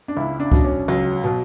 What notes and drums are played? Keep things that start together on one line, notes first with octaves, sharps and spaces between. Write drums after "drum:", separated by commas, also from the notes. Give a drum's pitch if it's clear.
D4
C#2 E4
D4
B2 F#3 D4, drum: kick C#2
C#4
C#2 F#3
B2 F#3